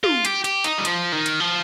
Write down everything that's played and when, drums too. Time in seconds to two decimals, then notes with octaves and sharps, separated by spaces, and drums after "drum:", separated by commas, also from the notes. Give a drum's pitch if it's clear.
0.04 F4, drum: tom
0.25 G4, drum: hi-hat
0.44 G4, drum: hi-hat
0.64 D#4, drum: hi-hat
0.78 G3
0.85 F3, drum: hi-hat
1.12 D#3
1.26 drum: hi-hat
1.40 F3